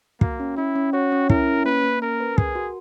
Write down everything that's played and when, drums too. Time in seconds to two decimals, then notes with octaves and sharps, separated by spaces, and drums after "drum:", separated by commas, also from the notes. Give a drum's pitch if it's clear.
0.21 A#3 F#4, drum: kick
0.40 C#4
0.57 C#4 E4
0.76 C#4
0.93 F#4 C#5
1.12 C#4
1.30 E4 A#4, drum: kick
1.47 C#4
1.65 A#3 B4
1.84 A#3
2.02 C#4 A#4
2.20 B4
2.38 G#4 A#4, drum: kick
2.55 F#4